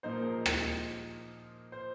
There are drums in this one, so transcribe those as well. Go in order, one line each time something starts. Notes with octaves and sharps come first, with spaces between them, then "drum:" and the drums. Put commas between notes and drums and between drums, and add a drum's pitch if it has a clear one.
A#2 F3 A#3 D#4 C5
A#4
G#4
A#4
drum: rim click
C5